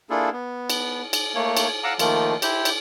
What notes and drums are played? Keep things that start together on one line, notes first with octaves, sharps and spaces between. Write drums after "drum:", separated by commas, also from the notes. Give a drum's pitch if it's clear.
A#3 D4 E4 F4 G#4 A4
B3
drum: cymbal
drum: cymbal
A3 A#3 C#5
drum: cymbal
F5 F#5 A#5 D6 E6
D#3 F3 A3 A#3 F4, drum: cymbal
E4 G4 C5, drum: cymbal
drum: cymbal